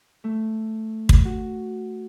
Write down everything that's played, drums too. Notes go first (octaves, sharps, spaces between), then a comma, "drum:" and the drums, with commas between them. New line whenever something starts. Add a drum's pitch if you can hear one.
A3
drum: kick
F#4